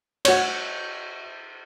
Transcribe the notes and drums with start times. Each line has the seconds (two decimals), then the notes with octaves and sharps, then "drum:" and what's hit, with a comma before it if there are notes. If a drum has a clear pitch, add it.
0.25 F#4 C#5, drum: cymbal